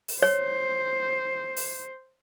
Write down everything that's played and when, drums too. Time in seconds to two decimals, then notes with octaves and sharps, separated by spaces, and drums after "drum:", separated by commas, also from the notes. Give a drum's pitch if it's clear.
0.08 drum: open hi-hat
0.22 C5 C#5
1.56 drum: open hi-hat